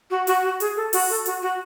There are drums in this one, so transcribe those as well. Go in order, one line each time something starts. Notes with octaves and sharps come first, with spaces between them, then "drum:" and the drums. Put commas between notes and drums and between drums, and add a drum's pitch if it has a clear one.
F#4
F#4, drum: hi-hat
F#4
G#4, drum: hi-hat
A4
F#4, drum: open hi-hat
A4
F#4, drum: hi-hat
F#4